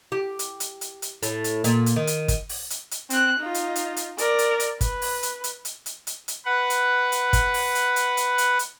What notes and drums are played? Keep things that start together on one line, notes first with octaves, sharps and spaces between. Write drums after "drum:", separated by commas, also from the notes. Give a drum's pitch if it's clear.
G4
drum: hi-hat
drum: hi-hat
drum: hi-hat
drum: hi-hat
A2, drum: hi-hat
drum: hi-hat
A#2, drum: hi-hat
drum: hi-hat
D#3
drum: hi-hat
drum: kick G1, hi-hat
drum: open hi-hat
drum: hi-hat
drum: hi-hat
C4 F#6, drum: hi-hat
D#4 F4
drum: hi-hat
drum: hi-hat
drum: hi-hat
A#4 D5, drum: hi-hat
drum: hi-hat
drum: hi-hat
B4, drum: kick G1, hi-hat
drum: open hi-hat
drum: hi-hat
drum: hi-hat
drum: hi-hat
drum: hi-hat
drum: hi-hat
drum: hi-hat
B4 F#5
drum: hi-hat
drum: hi-hat
drum: kick G1, hi-hat
drum: open hi-hat
drum: hi-hat
drum: hi-hat
drum: hi-hat
drum: hi-hat
drum: hi-hat